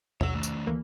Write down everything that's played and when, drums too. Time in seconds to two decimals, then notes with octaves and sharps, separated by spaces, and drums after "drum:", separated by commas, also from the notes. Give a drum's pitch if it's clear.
0.21 B1 C#5 F#5 E6, drum: tom E2
0.34 D#3 A3
0.43 drum: tambourine
0.67 D2 E3 A#3